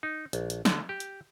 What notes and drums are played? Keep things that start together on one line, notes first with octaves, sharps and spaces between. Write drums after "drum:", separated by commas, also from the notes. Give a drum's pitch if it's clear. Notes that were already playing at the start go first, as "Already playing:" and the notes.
D#4
A#1, drum: hi-hat
drum: hi-hat
D3, drum: snare
G4
drum: hi-hat